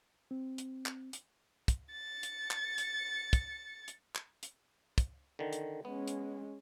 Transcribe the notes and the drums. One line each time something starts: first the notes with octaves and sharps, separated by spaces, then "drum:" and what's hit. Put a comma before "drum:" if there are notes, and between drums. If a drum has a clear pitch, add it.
C4
drum: hi-hat
drum: clap
drum: hi-hat
drum: kick, hi-hat
A6 C#7
drum: hi-hat
drum: clap
drum: hi-hat
drum: kick, hi-hat
drum: hi-hat
drum: clap
drum: hi-hat
drum: kick, hi-hat
D3 D#3
drum: hi-hat
G#3 B3 C#4
drum: hi-hat